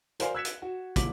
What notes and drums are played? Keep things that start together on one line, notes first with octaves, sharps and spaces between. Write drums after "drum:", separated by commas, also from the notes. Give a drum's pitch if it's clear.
A#4 C5 D5 F5 G#5 C6, drum: hi-hat
E6 F#6 G#6 B6 C#7 E7
drum: hi-hat
F#4
E1 C2 A#2 D6 B6 F#7, drum: kick, hi-hat